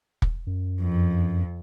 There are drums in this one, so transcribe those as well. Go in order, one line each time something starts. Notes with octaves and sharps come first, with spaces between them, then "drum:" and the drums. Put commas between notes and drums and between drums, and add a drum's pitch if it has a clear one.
drum: kick
F#2
F2